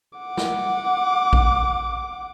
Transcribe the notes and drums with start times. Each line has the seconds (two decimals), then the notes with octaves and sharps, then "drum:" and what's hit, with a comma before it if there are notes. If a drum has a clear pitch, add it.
0.19 F#5 D6
0.37 drum: snare
1.33 drum: kick A#1